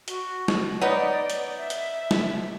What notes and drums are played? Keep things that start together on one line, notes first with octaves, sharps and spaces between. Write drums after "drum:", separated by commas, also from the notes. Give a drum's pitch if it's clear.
F#4, drum: hi-hat
drum: snare
B3 D#4 C#5 D5 F#5
drum: hi-hat
E5
drum: hi-hat
drum: snare